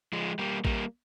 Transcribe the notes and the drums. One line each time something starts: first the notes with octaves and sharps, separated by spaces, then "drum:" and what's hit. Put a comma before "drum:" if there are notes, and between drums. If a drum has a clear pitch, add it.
F3 G#3
G3 A#3
G3 A#3, drum: kick A1